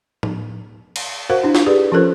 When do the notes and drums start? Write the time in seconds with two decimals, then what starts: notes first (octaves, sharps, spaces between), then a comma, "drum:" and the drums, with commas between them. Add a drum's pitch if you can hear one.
0.23 drum: tom
0.96 drum: cymbal
1.30 F#4 A#4 C5 F5 F#5
1.43 D4 E4
1.55 drum: snare
1.66 G4 G#4 B4 D5
1.92 F3 C#4 F4 A4 A#4 C5